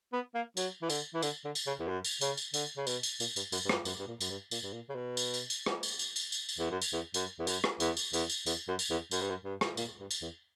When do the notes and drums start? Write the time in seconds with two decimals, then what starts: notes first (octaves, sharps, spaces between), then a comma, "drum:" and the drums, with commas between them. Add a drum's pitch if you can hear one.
0.13 B3
0.34 A#3
0.57 F#3, drum: tambourine
0.82 E3
0.89 D3, drum: tambourine
1.14 E3
1.22 D3, drum: tambourine
1.45 D3
1.55 drum: tambourine
1.67 C#3
1.79 E2
1.88 F#2
2.05 drum: tambourine
2.21 C#3, drum: tambourine
2.37 drum: tambourine
2.54 D3, drum: tambourine
2.77 C#3
2.87 B2, drum: tambourine
3.03 drum: tambourine
3.20 A#2, drum: tambourine
3.36 G2, drum: tambourine
3.52 F#2, drum: tambourine
3.65 G2
3.69 F#2, drum: rim click
3.85 F#2, drum: tambourine
3.98 G2
4.07 A#2
4.20 F#2, drum: tambourine
4.30 G2
4.51 A#2, drum: tambourine
4.63 G2
4.73 A#2
4.89 C#3
4.95 B2
5.17 drum: tambourine
5.34 drum: tambourine
5.50 drum: tambourine
5.66 drum: rim click
5.83 drum: tambourine
5.99 drum: tambourine
6.16 drum: tambourine
6.32 drum: tambourine
6.49 drum: tambourine
6.58 E2
6.71 F#2
6.82 drum: tambourine
6.93 E2
7.14 F#2, drum: tambourine
7.39 E2
7.47 F#2, drum: tambourine
7.64 drum: rim click
7.80 E2, drum: tambourine
7.97 drum: tambourine
8.13 E2, drum: tambourine
8.30 drum: tambourine
8.46 E2, drum: tambourine
8.68 F#2
8.79 drum: tambourine
8.90 E2
9.11 F#2, drum: tambourine
9.21 G2
9.29 F#2
9.44 G2
9.61 drum: rim click
9.77 A#2, drum: tambourine
10.00 G2
10.11 drum: tambourine
10.21 E2